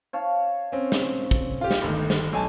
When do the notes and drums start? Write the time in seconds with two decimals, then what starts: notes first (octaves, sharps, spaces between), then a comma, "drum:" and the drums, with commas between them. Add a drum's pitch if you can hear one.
0.13 C#5 F5 A5
0.72 C4 C#4
0.92 drum: snare
1.31 drum: kick
1.61 F4 G4
1.71 drum: snare
1.81 G1 D2 D#3 G3
2.10 drum: snare
2.32 B1 G#5 A5